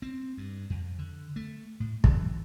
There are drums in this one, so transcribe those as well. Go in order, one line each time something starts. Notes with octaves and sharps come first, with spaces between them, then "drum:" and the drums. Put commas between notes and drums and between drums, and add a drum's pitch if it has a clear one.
C4
G2
F2
D3
A3
A2
E3, drum: kick